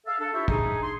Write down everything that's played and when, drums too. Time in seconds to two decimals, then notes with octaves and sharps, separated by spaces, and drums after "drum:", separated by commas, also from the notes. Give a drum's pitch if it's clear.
0.07 A4 E5 F5
0.20 D4 A4
0.33 E4 F4 G4 C5 C#5 E5
0.48 D4 D#4 G#4, drum: kick
0.83 C6